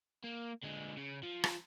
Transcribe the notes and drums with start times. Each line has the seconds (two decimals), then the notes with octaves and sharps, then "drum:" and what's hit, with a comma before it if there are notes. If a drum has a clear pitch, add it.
0.24 A#3
0.64 D3 G#3
0.98 C#3
1.23 F3
1.44 drum: rim click